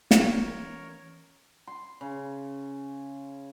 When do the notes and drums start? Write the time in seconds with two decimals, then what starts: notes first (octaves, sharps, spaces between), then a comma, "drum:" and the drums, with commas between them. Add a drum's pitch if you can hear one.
0.11 E3 C#4 A#4 C#5, drum: snare
1.67 C6
2.01 C#3